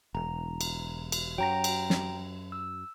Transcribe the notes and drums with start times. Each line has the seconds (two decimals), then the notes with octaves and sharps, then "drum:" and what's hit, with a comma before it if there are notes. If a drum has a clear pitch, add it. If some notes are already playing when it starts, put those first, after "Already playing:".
0.15 E1 A#5
0.61 drum: cymbal
1.12 drum: cymbal
1.38 F#2 F#3 G5 A#5 A#6
1.64 drum: cymbal
1.90 drum: snare
2.52 E6